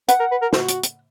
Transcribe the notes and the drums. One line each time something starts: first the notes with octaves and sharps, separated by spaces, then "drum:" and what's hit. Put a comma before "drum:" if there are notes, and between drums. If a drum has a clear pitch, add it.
B4 F#5, drum: hi-hat
A#4
B4
A#4
F#4, drum: snare
drum: hi-hat
drum: hi-hat